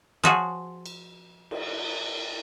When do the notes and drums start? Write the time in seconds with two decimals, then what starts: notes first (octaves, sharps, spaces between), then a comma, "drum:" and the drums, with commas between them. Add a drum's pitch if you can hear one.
0.24 F3 F#4 G#4
0.86 drum: cymbal
1.51 drum: cymbal